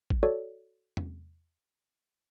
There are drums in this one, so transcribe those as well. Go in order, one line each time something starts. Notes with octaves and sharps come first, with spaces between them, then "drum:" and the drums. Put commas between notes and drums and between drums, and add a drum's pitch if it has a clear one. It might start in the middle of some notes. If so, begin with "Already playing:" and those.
drum: kick G#1
F#4 A4 C#5 D5
drum: tom E2